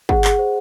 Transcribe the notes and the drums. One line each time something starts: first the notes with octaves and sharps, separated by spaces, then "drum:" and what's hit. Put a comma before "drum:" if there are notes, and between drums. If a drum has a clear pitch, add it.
G#4 F#5, drum: kick
G#4, drum: clap
C5